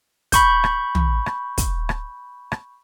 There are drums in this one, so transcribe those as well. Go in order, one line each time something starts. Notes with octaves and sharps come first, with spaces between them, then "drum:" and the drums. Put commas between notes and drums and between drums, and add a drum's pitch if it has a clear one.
B5 C#6 G6, drum: kick, hi-hat
drum: rim click
drum: tom
drum: rim click
drum: kick, hi-hat
drum: rim click
drum: rim click